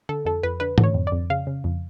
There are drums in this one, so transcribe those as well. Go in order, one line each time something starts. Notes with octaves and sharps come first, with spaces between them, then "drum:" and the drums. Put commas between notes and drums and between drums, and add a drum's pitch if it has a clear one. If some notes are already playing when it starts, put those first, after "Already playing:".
D3 A4
F2 A4
F2 B4
D3 B4
D3, drum: tom G#2
C#5
F2
D5
F2
C#3 F5
C#3
F2